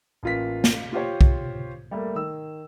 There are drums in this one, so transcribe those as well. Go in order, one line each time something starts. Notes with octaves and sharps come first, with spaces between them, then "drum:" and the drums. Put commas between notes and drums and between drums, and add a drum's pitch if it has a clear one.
A1 A#3 F4 B4 B6
drum: snare
F4 G4 C5 C#5
drum: kick B1
G3 A3 A#3
D#3 E6